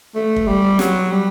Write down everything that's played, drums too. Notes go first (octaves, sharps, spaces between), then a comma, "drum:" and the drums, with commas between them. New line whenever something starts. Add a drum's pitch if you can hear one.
A3
drum: kick
G3
F#3, drum: snare
G3